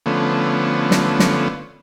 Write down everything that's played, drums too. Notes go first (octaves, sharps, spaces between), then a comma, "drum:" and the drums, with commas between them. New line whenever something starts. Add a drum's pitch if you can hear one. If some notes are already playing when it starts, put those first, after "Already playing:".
D3 F3 A3 B3 C#4
drum: snare
drum: snare